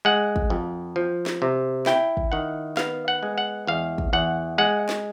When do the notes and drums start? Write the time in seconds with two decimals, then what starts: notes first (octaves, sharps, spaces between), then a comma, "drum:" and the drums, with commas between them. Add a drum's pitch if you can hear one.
0.05 G#3 F#5
0.36 drum: kick
0.50 F2
0.96 F3
1.26 drum: snare
1.42 C3
1.86 E4 G5, drum: snare
2.17 drum: kick
2.32 D#3 F#5
2.77 B3 F5, drum: snare
3.08 F#5
3.23 G#3
3.38 F#5
3.67 E2 F5
3.98 drum: kick
4.13 E2 F#5
4.58 G#3 F#5
4.89 drum: snare